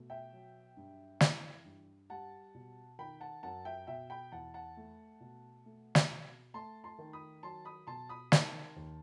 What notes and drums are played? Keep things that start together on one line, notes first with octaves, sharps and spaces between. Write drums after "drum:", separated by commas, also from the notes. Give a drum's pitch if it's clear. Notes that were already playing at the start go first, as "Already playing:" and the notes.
Already playing: B2 A3
E5 G5
F#3
G2
E3, drum: snare
G2
G3 F#5 A5
B2
D#3 G5 B5
F#5 A5
F#2 F#5 A5
E5 G5
B2 E5 G5
G5 B5
E2 F#5 A5
F#5 A5
A3
B2
A3
drum: snare
B2
A3 A5 C6
A5 C6
D#3
B5 D#6
F#3 A5 C6
B5 D#6
B2 A5 C6
B5 D#6
D#3 A5 C6, drum: snare
D#2